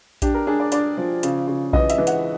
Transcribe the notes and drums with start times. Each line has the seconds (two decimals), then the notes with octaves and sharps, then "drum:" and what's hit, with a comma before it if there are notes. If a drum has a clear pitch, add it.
0.22 D4 G4, drum: kick A#1, hi-hat
0.34 A#4
0.47 D4 G#4
0.60 D5
0.72 D4 D5, drum: hi-hat
0.97 F3
1.23 C#3, drum: hi-hat
1.48 C#3
1.73 E3 D#5, drum: kick A#1
1.90 E5, drum: hi-hat
1.98 E3
2.07 F#5, drum: hi-hat